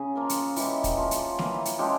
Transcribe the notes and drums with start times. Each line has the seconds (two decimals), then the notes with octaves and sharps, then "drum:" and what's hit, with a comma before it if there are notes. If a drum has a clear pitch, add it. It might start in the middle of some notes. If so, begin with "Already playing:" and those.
Already playing: C#3 G#4
0.15 F3 A#3 F4 A#4
0.29 drum: hi-hat
0.56 E3 G#3 C#4 G4, drum: open hi-hat
0.84 drum: kick, hi-hat
0.97 F3 A#3 F4
1.11 drum: hi-hat
1.39 E3 A#3 F4, drum: snare
1.65 drum: hi-hat
1.79 F3 G#3 C#4 G4